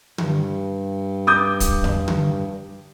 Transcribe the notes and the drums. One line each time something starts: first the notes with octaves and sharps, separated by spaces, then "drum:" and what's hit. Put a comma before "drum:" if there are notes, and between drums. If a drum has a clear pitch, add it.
G2, drum: tom D3
D6 D#6 G6
drum: kick, hi-hat
drum: tom F2
drum: tom D3